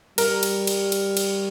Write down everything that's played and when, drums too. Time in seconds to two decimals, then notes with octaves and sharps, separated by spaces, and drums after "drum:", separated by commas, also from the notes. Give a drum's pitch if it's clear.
0.18 G3 A#4, drum: cymbal
0.43 drum: cymbal
0.67 drum: cymbal
0.92 drum: cymbal
1.17 drum: cymbal